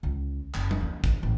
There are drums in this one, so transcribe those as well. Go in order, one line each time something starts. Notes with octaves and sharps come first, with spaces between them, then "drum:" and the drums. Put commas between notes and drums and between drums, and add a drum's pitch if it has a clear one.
C#2
F#1, drum: clap
drum: tom F3
D#2
drum: kick, hi-hat
A1